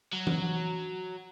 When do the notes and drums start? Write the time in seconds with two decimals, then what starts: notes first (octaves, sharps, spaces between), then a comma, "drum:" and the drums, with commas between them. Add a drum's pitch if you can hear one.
0.13 F#3
0.27 drum: tom E3